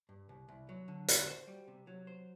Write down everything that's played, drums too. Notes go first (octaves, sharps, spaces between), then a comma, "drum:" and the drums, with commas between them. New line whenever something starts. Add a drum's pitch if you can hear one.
G2
C2
C2
F#3
D3
F#4, drum: hi-hat
C5
G3
C3
F#3
C5